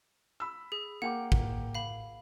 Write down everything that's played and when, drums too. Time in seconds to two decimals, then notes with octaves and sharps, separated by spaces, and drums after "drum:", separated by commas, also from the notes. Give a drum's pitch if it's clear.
0.40 B5 E6
0.72 G#4
1.02 A#3 F#5 G5 D6
1.32 drum: kick
1.75 F5 B5